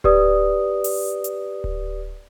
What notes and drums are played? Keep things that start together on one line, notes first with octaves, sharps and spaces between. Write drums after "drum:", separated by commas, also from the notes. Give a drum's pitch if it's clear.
G4 B4 D5 D#6, drum: kick D1
drum: open hi-hat
drum: hi-hat
drum: kick D1